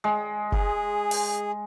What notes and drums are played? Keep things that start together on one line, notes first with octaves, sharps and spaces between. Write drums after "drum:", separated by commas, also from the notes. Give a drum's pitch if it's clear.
G#3
G#4, drum: kick F#1
drum: open hi-hat